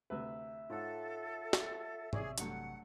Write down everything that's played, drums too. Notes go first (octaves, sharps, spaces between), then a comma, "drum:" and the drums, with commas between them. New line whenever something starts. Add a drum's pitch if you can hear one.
D2 C3 B4 E5
G#2 F4 A4 C#5 F#5
drum: snare
A1 C3 G#4 C#5 D5 C#6, drum: tom
G2 F#3 A3 F#5, drum: hi-hat